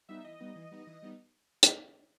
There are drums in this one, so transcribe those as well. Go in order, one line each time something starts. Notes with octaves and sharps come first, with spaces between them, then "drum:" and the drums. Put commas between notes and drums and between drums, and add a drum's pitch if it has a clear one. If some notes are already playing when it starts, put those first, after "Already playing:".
G3 B3 D#4 E5
E3 D#5
G3 B3 D#4
E3
G3 B3 D#4
E3
G3 B3 D#4
drum: hi-hat